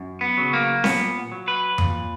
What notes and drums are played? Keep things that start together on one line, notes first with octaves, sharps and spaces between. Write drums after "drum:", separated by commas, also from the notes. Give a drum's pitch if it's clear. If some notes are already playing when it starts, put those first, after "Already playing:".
Already playing: F#2
B3
C#3 F#3
A#3
A#2 B3, drum: snare C4
F#3
B4
A#2, drum: tom F2